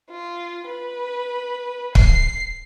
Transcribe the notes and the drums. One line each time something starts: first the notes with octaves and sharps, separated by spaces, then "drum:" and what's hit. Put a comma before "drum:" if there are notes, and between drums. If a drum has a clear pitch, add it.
F4
B4
C7, drum: kick